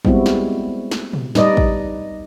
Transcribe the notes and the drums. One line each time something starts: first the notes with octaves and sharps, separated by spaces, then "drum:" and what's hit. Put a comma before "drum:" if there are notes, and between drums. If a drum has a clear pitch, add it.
G3 G#3 B3 C4 E4 F#4, drum: kick
drum: snare
drum: snare
drum: tom
G3 D#4 B4 D5 D#5, drum: snare
drum: kick